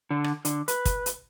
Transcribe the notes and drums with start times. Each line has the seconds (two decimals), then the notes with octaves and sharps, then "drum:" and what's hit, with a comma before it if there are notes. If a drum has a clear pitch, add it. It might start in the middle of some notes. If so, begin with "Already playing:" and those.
0.11 D3
0.24 drum: rim click
0.45 D3, drum: hi-hat
0.68 B4, drum: hi-hat
0.85 drum: kick, hi-hat
1.06 drum: hi-hat